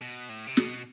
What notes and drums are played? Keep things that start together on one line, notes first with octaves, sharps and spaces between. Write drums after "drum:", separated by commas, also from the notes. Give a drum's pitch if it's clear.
B2
A2
C3
B2, drum: snare